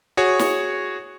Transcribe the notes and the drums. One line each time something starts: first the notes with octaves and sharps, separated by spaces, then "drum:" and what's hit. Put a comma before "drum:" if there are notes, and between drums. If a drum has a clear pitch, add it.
F#4 G#4 C#5
drum: snare